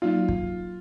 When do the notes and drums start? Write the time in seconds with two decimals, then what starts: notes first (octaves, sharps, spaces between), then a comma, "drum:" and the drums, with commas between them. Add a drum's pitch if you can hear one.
0.02 F#3 A#3 D#4 F4 F#4 D5
0.29 drum: kick